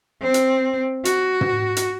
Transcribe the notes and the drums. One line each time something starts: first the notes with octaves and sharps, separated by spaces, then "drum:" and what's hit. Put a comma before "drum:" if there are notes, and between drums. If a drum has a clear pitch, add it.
C4
drum: hi-hat
F#4, drum: hi-hat
drum: tom
drum: hi-hat